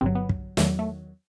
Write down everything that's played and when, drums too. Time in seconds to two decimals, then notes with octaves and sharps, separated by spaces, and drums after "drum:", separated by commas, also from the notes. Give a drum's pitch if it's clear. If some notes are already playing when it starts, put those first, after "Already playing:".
0.01 G1 G2 C3 F#3 C4
0.15 B3
0.29 drum: kick
0.57 E2 D#3 F#3 A3, drum: snare
0.79 A3